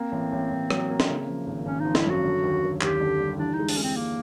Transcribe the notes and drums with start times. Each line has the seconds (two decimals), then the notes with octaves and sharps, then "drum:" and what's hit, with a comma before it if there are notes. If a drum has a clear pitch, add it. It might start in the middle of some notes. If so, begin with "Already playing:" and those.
Already playing: A#3 C4
0.12 A1
0.32 A1
0.51 A1
0.70 F#3, drum: rim click
0.90 A#3
1.00 drum: snare
1.09 C#3
1.28 F3
1.47 G#1
1.66 G#1 C#4
1.80 F3 D#4
1.95 E4, drum: snare
2.05 F#2 F#4
2.24 D3
2.43 D#2
2.63 D#2
2.81 D#2 G4, drum: clap
3.00 D3
3.20 G3
3.39 E3 D4
3.53 D#4
3.59 G#3
3.69 D4, drum: open hi-hat
3.77 G#3 C#4
3.83 C4
3.96 G#3 A#3